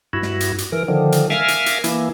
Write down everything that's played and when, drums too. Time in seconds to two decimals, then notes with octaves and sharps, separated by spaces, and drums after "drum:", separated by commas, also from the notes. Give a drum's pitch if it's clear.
0.13 G2 E4 F#4
0.22 drum: snare
0.40 drum: hi-hat
0.58 drum: hi-hat
0.72 E3 A#4
0.88 D3 D#3 F3
1.12 drum: hi-hat
1.30 A#4 E5 F5 G#5, drum: snare
1.48 drum: hi-hat
1.66 drum: hi-hat
1.84 E3 A#3 E4, drum: hi-hat